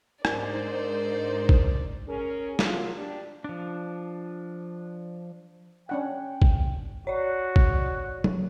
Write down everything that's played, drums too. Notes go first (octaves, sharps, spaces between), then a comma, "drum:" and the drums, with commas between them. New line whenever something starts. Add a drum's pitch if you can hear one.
G#2 D4 D#4 A#4 C5 D5, drum: rim click
drum: kick G#1
C#4 G#4 A#4
F3 F#3 A#3 F4, drum: snare
D4 G4
F3 D4
C#4 D4 F#5 G5
drum: kick G#1
F#4 C#5 D5
drum: kick G#1
drum: tom F#3